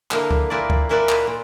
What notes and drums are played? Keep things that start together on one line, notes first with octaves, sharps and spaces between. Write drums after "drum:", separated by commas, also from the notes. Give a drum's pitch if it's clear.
D3 A#3 E4, drum: clap
drum: kick C#2
A#2 A#3 E4 B4 D5
drum: kick C#2
A#2 A#3 E4 B4 D5
drum: clap
A#2